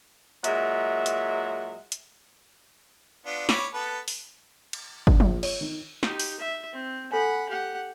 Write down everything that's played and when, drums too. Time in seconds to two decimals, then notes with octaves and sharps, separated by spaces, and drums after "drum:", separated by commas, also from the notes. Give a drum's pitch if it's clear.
0.44 A#2 F#3 G#3 E5, drum: hi-hat
1.06 drum: hi-hat
1.92 drum: hi-hat
3.26 B3 D4 F4
3.49 C#5 B5 D6, drum: snare
3.74 B3 A4 B4
4.08 drum: open hi-hat
4.73 drum: cymbal
5.07 D3, drum: kick
5.20 A#1, drum: tom F3
5.43 C#5, drum: cymbal
5.61 D#3
6.03 D#4 F#4 G4, drum: snare
6.20 drum: open hi-hat
6.39 E5
6.72 C4
7.12 A4 F#5 G#5 B5
7.49 G4 F#5